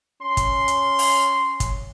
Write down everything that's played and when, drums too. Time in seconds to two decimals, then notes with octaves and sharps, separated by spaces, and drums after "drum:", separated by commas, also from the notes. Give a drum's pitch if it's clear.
0.22 C#4 C6
0.37 drum: kick, hi-hat
0.68 drum: hi-hat
0.99 drum: open hi-hat
1.60 drum: kick, hi-hat